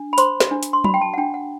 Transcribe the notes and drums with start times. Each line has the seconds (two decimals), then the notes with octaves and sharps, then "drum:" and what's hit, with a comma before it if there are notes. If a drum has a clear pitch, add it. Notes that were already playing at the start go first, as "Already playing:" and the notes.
Already playing: D4
0.13 B5
0.18 C5 C6, drum: hi-hat
0.40 drum: snare
0.51 D4
0.63 drum: hi-hat
0.73 C6
0.84 F#4 B5, drum: tom F#3
0.94 G5
1.01 A5
1.14 F#5
1.17 D4 G5
1.34 F#5